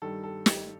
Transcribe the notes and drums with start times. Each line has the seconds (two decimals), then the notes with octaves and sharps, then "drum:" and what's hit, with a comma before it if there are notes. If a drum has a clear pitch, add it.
0.02 G2 D#3 G3 A4
0.23 A4
0.46 G4, drum: snare